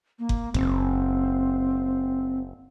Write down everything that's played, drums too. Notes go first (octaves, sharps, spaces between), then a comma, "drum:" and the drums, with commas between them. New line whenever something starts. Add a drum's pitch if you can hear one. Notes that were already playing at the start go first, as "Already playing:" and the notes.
A#3
drum: kick F#1
F#1 C4, drum: kick F#1